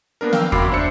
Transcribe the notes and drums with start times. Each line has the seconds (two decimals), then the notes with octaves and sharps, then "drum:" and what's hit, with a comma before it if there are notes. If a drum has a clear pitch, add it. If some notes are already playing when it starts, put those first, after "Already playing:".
0.21 A#3 B3 D4 A#4
0.33 F5 G5 E6, drum: snare
0.52 F#2 F#3 B5 D6 C7, drum: kick
0.72 D4 C5 E5 C#7